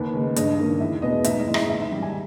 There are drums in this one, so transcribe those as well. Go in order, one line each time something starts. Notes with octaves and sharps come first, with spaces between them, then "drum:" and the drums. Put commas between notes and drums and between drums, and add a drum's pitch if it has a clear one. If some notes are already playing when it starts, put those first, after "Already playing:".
Already playing: D#2 B4
C#3 G#3
G2 D#5, drum: hi-hat
D#3 A#3 C#4
E2 E5
B2 G#3 B3 D#5
G#2 E5, drum: hi-hat
D#5
E3 G#3 C#4
E5, drum: rim click
G#2 E5
E5
D#3 G3
G#5